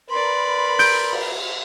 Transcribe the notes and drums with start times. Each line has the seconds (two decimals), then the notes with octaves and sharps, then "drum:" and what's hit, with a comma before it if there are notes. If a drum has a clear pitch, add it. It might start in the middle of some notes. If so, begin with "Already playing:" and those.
0.10 A#4 B4 D5 B5 C6
0.79 G6 D7, drum: open hi-hat
1.12 drum: cymbal